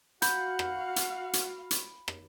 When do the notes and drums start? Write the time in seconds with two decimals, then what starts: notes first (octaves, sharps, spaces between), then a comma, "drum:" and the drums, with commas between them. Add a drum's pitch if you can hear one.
0.22 F#4 F5 F#5 B5 G6, drum: hi-hat
0.59 drum: rim click
0.96 drum: hi-hat
1.33 drum: hi-hat
1.71 drum: hi-hat
2.08 drum: rim click